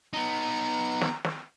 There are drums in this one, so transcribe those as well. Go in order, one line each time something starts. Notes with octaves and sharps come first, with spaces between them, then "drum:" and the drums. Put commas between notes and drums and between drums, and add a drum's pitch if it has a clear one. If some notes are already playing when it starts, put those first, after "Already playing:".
B3 D#4 A#5
drum: snare
drum: snare